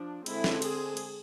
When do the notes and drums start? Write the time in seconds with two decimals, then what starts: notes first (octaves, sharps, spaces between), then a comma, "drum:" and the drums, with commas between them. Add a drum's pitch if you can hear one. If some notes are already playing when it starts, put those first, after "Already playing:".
Already playing: F3 D4
0.26 D3 G#3 C4 E4, drum: cymbal
0.44 drum: snare
0.62 G#4, drum: cymbal
0.97 drum: cymbal